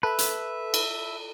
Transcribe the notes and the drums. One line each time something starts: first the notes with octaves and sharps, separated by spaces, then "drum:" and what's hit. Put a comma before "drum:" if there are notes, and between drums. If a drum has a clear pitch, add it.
A4 B4 E5 B5
drum: hi-hat
drum: cymbal